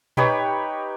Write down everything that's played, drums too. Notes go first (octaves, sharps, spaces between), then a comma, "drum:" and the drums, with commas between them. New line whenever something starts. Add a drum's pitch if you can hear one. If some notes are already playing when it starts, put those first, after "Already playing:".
D#4 G4 B4 C#5, drum: tom A#2